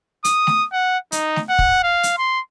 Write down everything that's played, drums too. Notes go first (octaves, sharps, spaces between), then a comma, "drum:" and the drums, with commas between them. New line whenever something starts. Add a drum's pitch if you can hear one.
D#6, drum: hi-hat
drum: snare A3
F#5
D#4, drum: hi-hat
drum: snare A3
F#5
drum: kick
F5
drum: hi-hat
C6